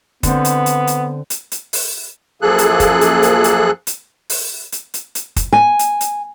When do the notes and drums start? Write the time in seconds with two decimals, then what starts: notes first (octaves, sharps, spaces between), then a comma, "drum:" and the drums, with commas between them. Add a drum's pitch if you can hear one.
0.23 D3 B3 C4, drum: kick, hi-hat
0.45 drum: hi-hat
0.66 drum: hi-hat
0.87 drum: hi-hat
1.30 drum: hi-hat
1.52 drum: hi-hat
1.73 drum: open hi-hat
2.42 F#2 F3 A#3 G#4 A4 F#6
2.58 drum: hi-hat
2.80 drum: kick, hi-hat
3.01 drum: hi-hat
3.23 drum: hi-hat
3.44 drum: hi-hat
3.87 drum: hi-hat
4.30 drum: open hi-hat
4.72 drum: hi-hat
4.94 drum: hi-hat
5.15 drum: hi-hat
5.36 drum: kick, hi-hat
5.53 G#5
5.79 drum: hi-hat
6.01 drum: hi-hat